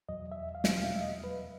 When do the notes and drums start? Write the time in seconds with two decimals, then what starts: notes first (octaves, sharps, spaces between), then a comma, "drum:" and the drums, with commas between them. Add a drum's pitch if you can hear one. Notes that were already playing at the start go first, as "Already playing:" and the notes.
0.09 E2 B2 F#3 D#5
0.32 E5
0.55 F5
0.64 drum: snare
0.77 E2 B2 F#3 F5
0.96 E5
1.01 D#5
1.24 B4